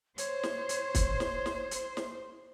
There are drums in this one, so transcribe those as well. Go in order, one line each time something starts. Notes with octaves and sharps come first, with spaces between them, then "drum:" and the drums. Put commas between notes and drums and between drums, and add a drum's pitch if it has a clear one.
C5 C#5, drum: hi-hat
drum: snare
drum: hi-hat
drum: kick, hi-hat
drum: snare
drum: snare
drum: hi-hat
drum: snare